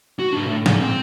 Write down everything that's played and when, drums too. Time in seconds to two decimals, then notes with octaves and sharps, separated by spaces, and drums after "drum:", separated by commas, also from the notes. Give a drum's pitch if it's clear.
0.19 F#4
0.33 G#2 D4
0.46 A2
0.66 B1 G#2, drum: snare
0.81 C4